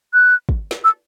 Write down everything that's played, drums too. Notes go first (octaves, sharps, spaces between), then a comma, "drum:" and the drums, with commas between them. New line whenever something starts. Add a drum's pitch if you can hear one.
F#6
drum: kick
drum: snare
E6